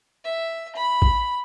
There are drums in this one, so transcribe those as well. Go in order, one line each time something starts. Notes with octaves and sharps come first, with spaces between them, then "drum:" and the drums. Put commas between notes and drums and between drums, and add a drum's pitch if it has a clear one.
E5
B5
drum: kick A#1